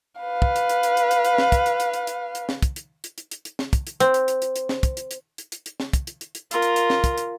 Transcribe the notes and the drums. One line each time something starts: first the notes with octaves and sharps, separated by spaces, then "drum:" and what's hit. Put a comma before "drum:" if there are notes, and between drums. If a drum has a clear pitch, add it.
B4 F5
drum: kick
drum: hi-hat
drum: hi-hat
drum: hi-hat
drum: hi-hat
drum: hi-hat
drum: hi-hat
drum: snare
drum: kick, hi-hat
drum: hi-hat
drum: hi-hat
drum: hi-hat
drum: hi-hat
drum: hi-hat
drum: snare
drum: kick, hi-hat
drum: hi-hat
drum: hi-hat
drum: hi-hat
drum: hi-hat
drum: hi-hat
drum: snare
drum: kick, hi-hat
drum: hi-hat
C4, drum: hi-hat
drum: hi-hat
drum: hi-hat
drum: hi-hat
drum: hi-hat
drum: snare
drum: kick, hi-hat
drum: hi-hat
drum: hi-hat
drum: hi-hat
drum: hi-hat
drum: hi-hat
drum: snare
drum: kick, hi-hat
drum: hi-hat
drum: hi-hat
drum: hi-hat
F4 A#4, drum: hi-hat
drum: hi-hat
drum: hi-hat
drum: snare
drum: kick, hi-hat
drum: hi-hat